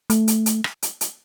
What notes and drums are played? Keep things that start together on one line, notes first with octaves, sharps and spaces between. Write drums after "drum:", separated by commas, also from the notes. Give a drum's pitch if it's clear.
A3, drum: hi-hat
drum: hi-hat
drum: hi-hat
drum: rim click
drum: hi-hat
drum: hi-hat